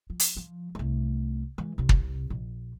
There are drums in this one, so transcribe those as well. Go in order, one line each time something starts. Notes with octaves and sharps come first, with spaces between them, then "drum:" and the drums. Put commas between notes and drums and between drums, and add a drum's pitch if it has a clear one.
F3
drum: hi-hat
F3
C2 A3
E3 G#3
C2 C3
drum: kick
A#1